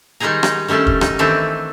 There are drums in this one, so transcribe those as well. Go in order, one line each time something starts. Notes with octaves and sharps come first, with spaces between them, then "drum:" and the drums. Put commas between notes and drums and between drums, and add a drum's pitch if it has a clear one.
D#3 G3 G#3 D#4 G#4 A#5
D#4, drum: rim click
D#3 G3 A3 C#4 D4
drum: kick
D#4, drum: rim click
D#3 E3 A3 C4 D4